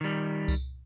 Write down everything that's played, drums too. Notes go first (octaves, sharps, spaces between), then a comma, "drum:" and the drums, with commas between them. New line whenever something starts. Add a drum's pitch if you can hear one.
D#3 G3
drum: kick C2, tambourine